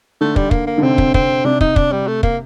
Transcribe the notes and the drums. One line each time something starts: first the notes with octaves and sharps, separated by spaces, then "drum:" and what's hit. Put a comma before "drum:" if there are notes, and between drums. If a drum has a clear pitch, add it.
D3 A3
G3, drum: kick
A#3, drum: kick
A#3
D3
C3 C4
drum: kick
C4, drum: kick
C3 D4
D#4, drum: kick
D4, drum: kick
G3
A3
A#3, drum: kick